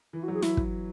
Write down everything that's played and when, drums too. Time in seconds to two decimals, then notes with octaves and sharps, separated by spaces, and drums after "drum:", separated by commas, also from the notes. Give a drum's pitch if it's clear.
0.13 E3 E4
0.23 F#4
0.28 F#3
0.33 G#4
0.42 E4, drum: snare
0.57 drum: kick